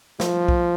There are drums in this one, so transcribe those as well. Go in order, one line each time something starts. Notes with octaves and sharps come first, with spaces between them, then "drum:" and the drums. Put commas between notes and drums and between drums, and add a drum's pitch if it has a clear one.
F3, drum: snare
drum: kick B1